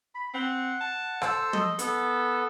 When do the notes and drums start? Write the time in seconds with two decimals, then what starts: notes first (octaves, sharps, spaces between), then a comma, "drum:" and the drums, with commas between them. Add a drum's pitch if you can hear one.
0.15 B5
0.34 C4 F#5
0.81 A5
1.22 A4 C5 E6, drum: rim click
1.53 D#5, drum: tom
1.79 B3 A4, drum: hi-hat